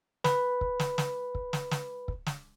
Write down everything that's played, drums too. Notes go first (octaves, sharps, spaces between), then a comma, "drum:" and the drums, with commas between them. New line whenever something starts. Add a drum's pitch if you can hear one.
B4 B5, drum: snare
drum: kick
drum: snare
drum: snare
drum: kick
drum: snare
drum: snare
drum: kick
drum: snare